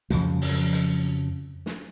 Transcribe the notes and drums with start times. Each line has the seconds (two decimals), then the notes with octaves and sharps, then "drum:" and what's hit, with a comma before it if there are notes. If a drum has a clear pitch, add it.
0.10 F2 C#3 F3 F#3, drum: hi-hat
0.42 drum: open hi-hat
0.73 drum: hi-hat
1.66 drum: snare